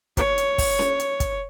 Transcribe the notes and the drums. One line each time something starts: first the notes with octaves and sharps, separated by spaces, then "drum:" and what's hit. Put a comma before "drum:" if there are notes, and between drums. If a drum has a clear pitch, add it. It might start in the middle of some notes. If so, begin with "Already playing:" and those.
C#5, drum: kick, hi-hat
drum: hi-hat
drum: kick, open hi-hat
drum: snare C#4
drum: hi-hat
drum: kick, hi-hat